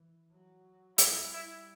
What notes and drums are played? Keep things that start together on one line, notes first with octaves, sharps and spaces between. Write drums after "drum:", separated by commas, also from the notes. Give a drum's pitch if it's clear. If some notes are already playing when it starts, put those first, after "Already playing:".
Already playing: E3
F#3
G3 E4, drum: hi-hat
E4